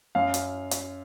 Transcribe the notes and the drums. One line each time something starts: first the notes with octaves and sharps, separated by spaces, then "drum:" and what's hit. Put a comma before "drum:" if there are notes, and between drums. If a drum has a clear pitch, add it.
F#2 F5
drum: hi-hat
drum: hi-hat